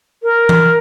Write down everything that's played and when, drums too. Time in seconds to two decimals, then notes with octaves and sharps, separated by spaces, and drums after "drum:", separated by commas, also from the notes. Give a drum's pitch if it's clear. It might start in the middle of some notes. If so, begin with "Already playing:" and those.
0.22 A#4
0.49 drum: tom E3